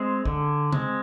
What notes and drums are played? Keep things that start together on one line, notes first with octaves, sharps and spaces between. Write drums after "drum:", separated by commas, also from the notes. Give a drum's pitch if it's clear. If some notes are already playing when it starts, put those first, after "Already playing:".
Already playing: G#3 C4 G#4
D3, drum: kick A#1
G#3 C4, drum: tom C3